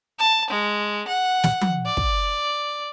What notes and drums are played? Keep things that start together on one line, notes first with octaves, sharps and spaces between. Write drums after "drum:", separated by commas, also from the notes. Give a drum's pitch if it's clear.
A5
G#3
F#5
drum: snare
drum: tom F3
D5
drum: kick